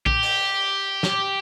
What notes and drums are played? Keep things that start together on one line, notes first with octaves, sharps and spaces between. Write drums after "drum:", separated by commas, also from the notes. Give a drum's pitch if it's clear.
G4, drum: kick A#1
drum: open hi-hat
drum: snare